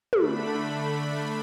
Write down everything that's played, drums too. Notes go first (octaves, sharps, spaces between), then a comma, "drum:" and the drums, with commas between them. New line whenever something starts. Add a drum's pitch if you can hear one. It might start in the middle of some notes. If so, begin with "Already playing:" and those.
D3 A3 D4 B5, drum: tom